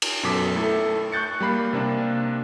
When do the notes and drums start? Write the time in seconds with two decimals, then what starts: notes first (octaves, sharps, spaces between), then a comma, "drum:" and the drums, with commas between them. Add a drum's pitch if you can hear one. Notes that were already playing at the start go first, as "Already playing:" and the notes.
0.02 drum: cymbal
0.23 F#2 B2 F#3 A4 D6 B6
0.55 A3 E4 A4
1.12 C#6 F#6 G6 A6 C#7
1.41 G3 A#3 B5 C7
1.73 C3 A#3 D4